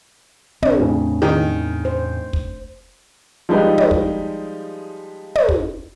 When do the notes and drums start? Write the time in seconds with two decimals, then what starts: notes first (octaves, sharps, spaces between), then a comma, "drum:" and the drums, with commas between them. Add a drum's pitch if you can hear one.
0.63 B1 C4 D4, drum: tom
0.80 E2 A2 C#3 A3
1.22 D#3
1.85 C5
2.33 drum: kick
3.49 F3 G3 G#3 D#4 G4 B4
3.78 drum: tom
3.91 drum: kick
5.35 drum: tom
5.49 drum: kick